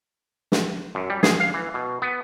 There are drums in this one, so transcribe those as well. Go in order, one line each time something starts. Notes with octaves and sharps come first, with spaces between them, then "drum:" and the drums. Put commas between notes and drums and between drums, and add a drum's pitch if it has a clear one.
drum: snare
F#2
G3
G#4, drum: snare
F5
E3
B2
B3